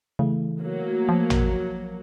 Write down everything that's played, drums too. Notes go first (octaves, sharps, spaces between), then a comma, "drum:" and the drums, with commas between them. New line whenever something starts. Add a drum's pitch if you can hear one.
C#3 E3 A3
F#3 A#3
F3
drum: tom A1